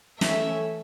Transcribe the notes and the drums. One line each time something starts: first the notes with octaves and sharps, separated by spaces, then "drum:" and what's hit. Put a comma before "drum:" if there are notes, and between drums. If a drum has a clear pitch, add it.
E3 A3 C#4 E5, drum: snare